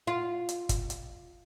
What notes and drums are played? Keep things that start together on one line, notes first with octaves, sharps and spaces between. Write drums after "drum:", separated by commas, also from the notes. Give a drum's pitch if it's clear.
F4
drum: hi-hat
drum: kick, hi-hat
drum: hi-hat